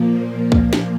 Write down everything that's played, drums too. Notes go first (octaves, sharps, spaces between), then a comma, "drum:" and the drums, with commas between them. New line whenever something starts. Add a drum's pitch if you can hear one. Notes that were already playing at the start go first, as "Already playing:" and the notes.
Already playing: A#2 F3 A#3
drum: kick
drum: snare